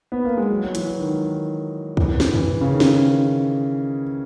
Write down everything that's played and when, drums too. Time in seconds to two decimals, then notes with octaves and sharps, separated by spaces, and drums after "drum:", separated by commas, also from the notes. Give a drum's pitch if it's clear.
0.12 B3
0.25 A#3
0.37 G#3
0.50 F#3
0.64 F#3
0.75 E3, drum: hi-hat
0.99 D#3
1.97 E3, drum: kick C#2
2.20 drum: snare
2.34 E3, drum: tom F2
2.61 C#3
2.70 D#3
2.80 drum: snare